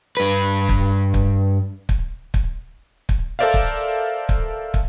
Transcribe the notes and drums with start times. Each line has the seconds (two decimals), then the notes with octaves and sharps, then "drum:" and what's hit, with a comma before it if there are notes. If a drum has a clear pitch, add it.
0.17 G2 B4
0.69 drum: kick
1.14 drum: kick
1.89 drum: kick
2.34 drum: kick
3.09 drum: kick
3.39 A4 A#4 C5 D5 E5 F5
3.54 drum: kick
4.29 drum: kick
4.74 drum: kick